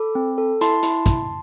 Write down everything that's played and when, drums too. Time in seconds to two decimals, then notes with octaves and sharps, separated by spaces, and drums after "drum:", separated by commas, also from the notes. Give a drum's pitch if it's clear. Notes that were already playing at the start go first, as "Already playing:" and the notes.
Already playing: A4 B5 D6
0.15 C4
0.38 A4
0.61 E4 A5 C6, drum: hi-hat
0.83 E4, drum: hi-hat
1.06 drum: kick, hi-hat